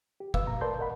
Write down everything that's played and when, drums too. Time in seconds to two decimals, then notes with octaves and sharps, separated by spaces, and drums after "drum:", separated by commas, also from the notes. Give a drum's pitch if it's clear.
0.20 G4
0.34 B4 F5 E6, drum: kick
0.47 A#2 A#5
0.61 A#4 B4 D5 A5 C6 G6
0.79 A#4 D#5 F#5 B5